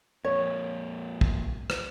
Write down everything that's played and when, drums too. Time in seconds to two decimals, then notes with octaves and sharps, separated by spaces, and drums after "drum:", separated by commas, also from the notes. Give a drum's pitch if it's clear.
0.25 F2 A#2 C#5
1.21 drum: kick
1.70 drum: rim click